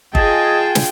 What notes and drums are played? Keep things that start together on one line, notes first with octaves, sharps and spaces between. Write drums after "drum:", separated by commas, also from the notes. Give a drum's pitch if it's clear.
F4 G#4 D#5 G5 A5, drum: kick G1
drum: snare